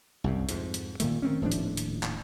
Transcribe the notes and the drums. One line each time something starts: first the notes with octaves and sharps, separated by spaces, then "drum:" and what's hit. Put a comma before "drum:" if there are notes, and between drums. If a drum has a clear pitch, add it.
C2 F#2 C3
F2 G#2, drum: hi-hat
drum: hi-hat
A#2 D#3 A3, drum: hi-hat
D#3 C4 C#4
D#1 A2 F3 D4
drum: hi-hat
drum: hi-hat
drum: clap